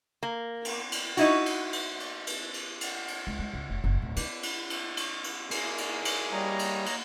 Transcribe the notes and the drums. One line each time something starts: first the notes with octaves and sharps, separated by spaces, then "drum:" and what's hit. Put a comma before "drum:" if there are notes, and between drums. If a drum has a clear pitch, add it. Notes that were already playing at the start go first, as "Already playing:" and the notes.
A#3
drum: cymbal
drum: cymbal
D#4 E4 F#4, drum: cymbal
drum: cymbal
drum: cymbal
drum: cymbal
drum: cymbal
drum: cymbal
drum: cymbal
drum: cymbal
C#2
G#3
C#2
F1
F#1
D1
D#4, drum: cymbal
drum: cymbal
drum: cymbal
drum: cymbal
drum: cymbal
A#3 E4 G#4, drum: cymbal
drum: cymbal
drum: cymbal
G3 C#5 D#5 A#5
drum: cymbal
drum: cymbal